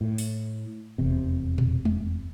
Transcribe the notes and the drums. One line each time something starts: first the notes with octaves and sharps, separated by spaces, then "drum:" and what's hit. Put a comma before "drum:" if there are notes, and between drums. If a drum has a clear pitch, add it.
A2
drum: open hi-hat
F1 E2 C3
drum: tom A#2
drum: tom G#3